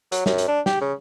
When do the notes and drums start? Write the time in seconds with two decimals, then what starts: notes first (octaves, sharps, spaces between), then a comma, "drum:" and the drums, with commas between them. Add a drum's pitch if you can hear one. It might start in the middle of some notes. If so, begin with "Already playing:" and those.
0.12 F#3, drum: hi-hat
0.26 F#2, drum: snare
0.38 drum: hi-hat
0.48 D4
0.66 G4, drum: snare
0.81 C#3